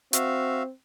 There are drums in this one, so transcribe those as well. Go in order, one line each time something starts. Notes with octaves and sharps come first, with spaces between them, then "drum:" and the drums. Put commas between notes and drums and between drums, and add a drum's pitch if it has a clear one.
C4 F#4 E5 F5, drum: hi-hat